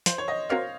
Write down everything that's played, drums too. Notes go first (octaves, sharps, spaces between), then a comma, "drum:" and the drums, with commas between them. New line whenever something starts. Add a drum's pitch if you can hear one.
F3 C5, drum: hi-hat
C#5
D#5
C4 F#4 A#4 C#5 F5